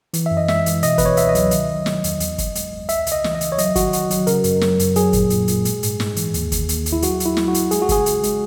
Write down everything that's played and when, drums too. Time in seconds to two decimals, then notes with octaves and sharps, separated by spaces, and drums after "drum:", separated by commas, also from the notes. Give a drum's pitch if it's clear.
0.14 E3, drum: hi-hat
0.26 F#2 E5
0.37 D#5
0.48 G#3 E5, drum: snare
0.66 E3, drum: hi-hat
0.83 B2 D#5, drum: hi-hat
0.98 B2 B4, drum: kick, hi-hat
1.05 C#5
1.17 C#2 E5, drum: hi-hat
1.29 D#5
1.35 F#3, drum: hi-hat
1.51 D#3, drum: hi-hat
1.68 F#3
1.86 F#3, drum: snare
2.04 E2, drum: hi-hat
2.20 E2, drum: hi-hat
2.38 E2, drum: kick, hi-hat
2.55 G#3, drum: hi-hat
2.73 E2
2.89 C#2 E5, drum: hi-hat
3.07 C#3, drum: hi-hat
3.12 D#5
3.24 E3, drum: snare
3.35 D#5
3.41 C#3, drum: hi-hat
3.52 C#5
3.58 F#3 D#5, drum: hi-hat
3.76 D#3 F#4, drum: kick, hi-hat
3.93 F#3 F#4, drum: hi-hat
4.10 F#3, drum: hi-hat
4.27 C#3 A#4, drum: hi-hat
4.44 F#2, drum: hi-hat
4.61 F#3, drum: snare
4.79 F#2, drum: hi-hat
4.96 F#3 G#4, drum: hi-hat
5.13 A#2, drum: kick, hi-hat
5.30 A#2, drum: hi-hat
5.48 A#2, drum: hi-hat
5.65 G#3, drum: hi-hat
5.83 G#2, drum: hi-hat
6.00 G#2, drum: snare
6.16 E3, drum: hi-hat
6.34 D#2, drum: hi-hat
6.52 D#3, drum: kick, hi-hat
6.69 D#2, drum: hi-hat
6.86 D#2, drum: hi-hat
6.92 E4
7.02 F#3 F#4, drum: hi-hat
7.20 F#3, drum: hi-hat
7.25 E4
7.37 F#3, drum: snare
7.48 F#4
7.54 F#3, drum: hi-hat
7.71 G#3 G#4, drum: hi-hat
7.82 F#4
7.89 C#3 G#4, drum: kick, hi-hat
8.06 C#3, drum: hi-hat
8.23 G#3, drum: hi-hat